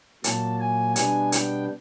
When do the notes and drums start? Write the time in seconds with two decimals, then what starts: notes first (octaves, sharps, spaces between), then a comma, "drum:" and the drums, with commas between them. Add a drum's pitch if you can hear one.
0.24 A#2 F#3 A#3 A5, drum: hi-hat
0.60 G#5
0.96 B2 G3 B3 D4 G#5, drum: hi-hat
1.32 G5, drum: hi-hat